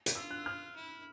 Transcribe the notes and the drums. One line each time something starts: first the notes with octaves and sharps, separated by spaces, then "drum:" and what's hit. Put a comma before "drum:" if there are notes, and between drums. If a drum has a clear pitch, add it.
drum: hi-hat
F4 E6
F#6
F6
E4